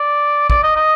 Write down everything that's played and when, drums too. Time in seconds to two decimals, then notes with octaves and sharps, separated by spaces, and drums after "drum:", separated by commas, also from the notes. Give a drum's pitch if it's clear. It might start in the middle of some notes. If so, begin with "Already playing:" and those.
Already playing: D5
0.50 D5, drum: kick
0.63 D#5
0.76 D#5